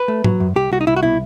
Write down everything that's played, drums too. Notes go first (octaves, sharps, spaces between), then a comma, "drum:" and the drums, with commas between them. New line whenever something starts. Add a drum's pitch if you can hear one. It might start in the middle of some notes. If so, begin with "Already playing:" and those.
Already playing: B4
A3
F#3, drum: tom G#2
F#2
C2 G4
C2 F#4
D#4
C2 E4
F#4
B2 E4